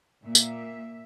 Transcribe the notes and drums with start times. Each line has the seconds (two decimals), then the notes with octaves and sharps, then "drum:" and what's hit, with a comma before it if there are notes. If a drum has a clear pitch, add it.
0.24 A#2 A#3 E5
0.35 drum: tambourine